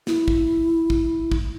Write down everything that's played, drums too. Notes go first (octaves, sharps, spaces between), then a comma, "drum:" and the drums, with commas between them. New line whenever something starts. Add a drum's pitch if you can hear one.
E4, drum: snare
drum: kick
drum: kick
drum: kick